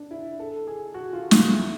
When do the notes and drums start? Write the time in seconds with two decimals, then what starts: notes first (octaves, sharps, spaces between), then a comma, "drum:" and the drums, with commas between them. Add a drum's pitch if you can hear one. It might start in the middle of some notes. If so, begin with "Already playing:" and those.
Already playing: D4
0.11 E4
0.40 A4
0.67 G#4
0.94 F#4
1.13 F4
1.31 F4, drum: snare
1.50 E4